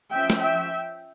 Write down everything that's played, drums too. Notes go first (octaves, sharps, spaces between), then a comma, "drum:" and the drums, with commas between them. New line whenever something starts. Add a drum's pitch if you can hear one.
F3 C#4 E5 G5
drum: snare
E5 G5